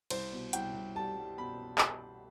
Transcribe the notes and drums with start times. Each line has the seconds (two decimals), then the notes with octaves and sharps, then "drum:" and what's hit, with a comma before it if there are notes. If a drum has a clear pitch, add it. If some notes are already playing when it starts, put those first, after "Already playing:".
0.10 C2 C5, drum: cymbal
0.32 B2
0.53 C2 G5, drum: hi-hat
0.74 C2
0.96 G3 A5
1.17 G3
1.38 B2 B5
1.78 drum: clap